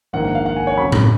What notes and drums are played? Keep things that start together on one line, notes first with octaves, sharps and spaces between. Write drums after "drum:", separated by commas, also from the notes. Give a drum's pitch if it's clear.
A#1 G#2 D#3 A#3 F#5
F#5
F5
F#5
G#5
C#5
F2 C#3 F#3 B5
drum: tom A2